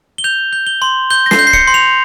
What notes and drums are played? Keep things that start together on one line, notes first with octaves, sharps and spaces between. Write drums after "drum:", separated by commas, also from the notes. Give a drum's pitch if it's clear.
G7
G6 F7
G6
G7
C6
G6 G7
A#6
C7, drum: snare
G6
C7
C#7, drum: kick
C6
F7